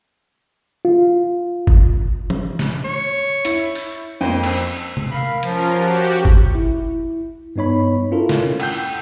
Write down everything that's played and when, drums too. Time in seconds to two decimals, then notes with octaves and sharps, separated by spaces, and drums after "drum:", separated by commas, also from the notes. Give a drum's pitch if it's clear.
0.85 F4
1.67 drum: kick G1
2.30 drum: tom E3
2.59 drum: snare
2.85 C#5
3.45 E4, drum: hi-hat
3.75 drum: open hi-hat
4.21 F2 A#3 C4 C5
4.43 drum: cymbal
4.97 drum: tom C3
5.11 A#4 F5 B5
5.43 F3 C#4 F4 A#4, drum: hi-hat
5.72 F#4 G4
6.25 drum: kick G1
6.55 E4
7.56 G2 B3 D#4 C#5 B5
8.11 C#4 E4 F4 A4 A#4
8.29 drum: snare
8.60 F#5 G5 G6, drum: cymbal